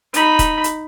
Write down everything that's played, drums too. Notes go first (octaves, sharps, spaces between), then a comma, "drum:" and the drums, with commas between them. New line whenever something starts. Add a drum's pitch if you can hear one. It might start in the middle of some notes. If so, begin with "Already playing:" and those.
D#4 B5, drum: hi-hat
drum: kick D#1, hi-hat
drum: hi-hat